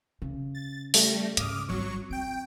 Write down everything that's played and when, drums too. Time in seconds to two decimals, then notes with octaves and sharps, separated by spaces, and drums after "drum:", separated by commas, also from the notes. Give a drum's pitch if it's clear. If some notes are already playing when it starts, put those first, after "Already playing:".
0.22 C#3
0.55 A6
0.94 G3 A3 A#6, drum: open hi-hat
1.37 G#2 C#3 D6 D#6 F6, drum: hi-hat
1.69 G#1 F#3 G3 C#6
2.10 C4 G5 D7